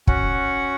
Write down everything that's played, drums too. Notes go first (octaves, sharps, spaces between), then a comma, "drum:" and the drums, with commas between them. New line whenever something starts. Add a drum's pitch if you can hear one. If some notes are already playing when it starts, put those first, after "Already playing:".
C#4 F#4 F#5, drum: kick